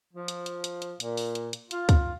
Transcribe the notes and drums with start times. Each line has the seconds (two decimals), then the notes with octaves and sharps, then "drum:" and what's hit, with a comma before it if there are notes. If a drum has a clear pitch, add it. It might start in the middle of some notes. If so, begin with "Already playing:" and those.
0.14 F3
0.28 drum: hi-hat
0.46 drum: hi-hat
0.64 drum: hi-hat
0.82 drum: hi-hat
1.00 A#2, drum: hi-hat
1.17 drum: open hi-hat
1.35 drum: hi-hat
1.53 drum: hi-hat
1.71 F4, drum: hi-hat
1.89 drum: kick, hi-hat